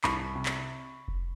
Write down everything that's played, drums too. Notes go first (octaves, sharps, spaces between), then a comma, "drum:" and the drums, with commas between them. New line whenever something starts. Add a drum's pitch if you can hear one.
C2 B5 C#6, drum: clap
C3
drum: clap
drum: kick F1